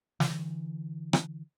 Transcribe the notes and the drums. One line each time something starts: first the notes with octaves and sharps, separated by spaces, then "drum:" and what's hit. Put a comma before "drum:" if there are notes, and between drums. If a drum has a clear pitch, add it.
D3 E3, drum: snare
drum: rim click